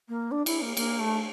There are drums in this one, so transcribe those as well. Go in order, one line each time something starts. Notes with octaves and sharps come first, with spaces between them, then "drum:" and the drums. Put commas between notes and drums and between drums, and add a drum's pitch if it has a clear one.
A#3
D4
E4, drum: cymbal
A#3
A#3, drum: cymbal
A3